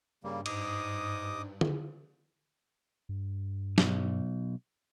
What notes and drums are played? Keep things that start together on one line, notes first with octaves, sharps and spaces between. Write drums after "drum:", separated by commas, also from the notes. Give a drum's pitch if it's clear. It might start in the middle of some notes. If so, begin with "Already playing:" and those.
G2 C#3 G3 A#3
G#2 D#5 D6 D#6, drum: cymbal
drum: tom D3
G2
B1, drum: snare